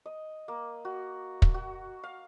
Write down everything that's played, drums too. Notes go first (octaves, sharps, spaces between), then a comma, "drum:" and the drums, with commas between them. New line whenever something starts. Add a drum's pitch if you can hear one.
D#5
A#3
F#4
drum: kick
F#4
F5